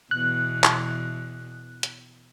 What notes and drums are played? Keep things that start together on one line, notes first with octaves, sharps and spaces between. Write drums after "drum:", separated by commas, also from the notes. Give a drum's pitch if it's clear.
E2 B2 F#6
drum: clap
drum: hi-hat